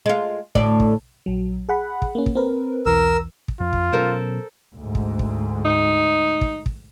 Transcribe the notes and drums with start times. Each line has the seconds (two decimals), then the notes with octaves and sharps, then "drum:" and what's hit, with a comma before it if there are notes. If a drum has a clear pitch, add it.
0.06 G#3 F4
0.55 D2 A2 D5, drum: kick
0.80 drum: kick
1.26 A#1 F#3
1.69 G#4 F#5 B5
2.02 drum: kick
2.15 A#3 C#4
2.26 drum: kick
2.35 C4 A#4 B4
2.86 B1 E2 E3 A#4 E6
3.48 drum: kick
3.60 F2 F4
3.73 drum: kick
3.92 B2 F#3 C#4 A4 A#4 C5
4.75 D2 G#2
4.95 drum: kick
5.19 drum: kick
5.65 D#4
6.41 drum: kick
6.66 drum: kick